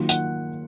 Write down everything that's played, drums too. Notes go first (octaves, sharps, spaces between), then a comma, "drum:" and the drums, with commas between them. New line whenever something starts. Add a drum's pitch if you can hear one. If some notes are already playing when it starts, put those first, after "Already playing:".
Already playing: D#3 F#3 A#3 F4
F#5, drum: hi-hat